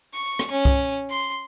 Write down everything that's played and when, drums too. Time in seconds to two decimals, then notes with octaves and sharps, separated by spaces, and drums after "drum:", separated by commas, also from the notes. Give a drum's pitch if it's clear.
0.14 C#6
0.39 drum: rim click
0.51 C#4
0.65 drum: kick C2
1.10 C6